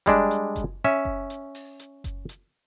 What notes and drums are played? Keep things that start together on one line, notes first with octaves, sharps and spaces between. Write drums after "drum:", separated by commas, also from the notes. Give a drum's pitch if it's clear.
G3 G#3 D4, drum: kick F#1, hi-hat
drum: hi-hat
drum: kick F#1, hi-hat
C#4 E5
drum: kick F#1
drum: hi-hat
drum: open hi-hat
drum: hi-hat
drum: kick F#1, hi-hat
drum: hi-hat